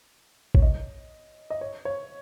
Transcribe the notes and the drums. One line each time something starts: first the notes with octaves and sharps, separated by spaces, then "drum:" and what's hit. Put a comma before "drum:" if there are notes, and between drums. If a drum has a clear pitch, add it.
C#5, drum: kick A1
D#5
D#5
C#5
C#5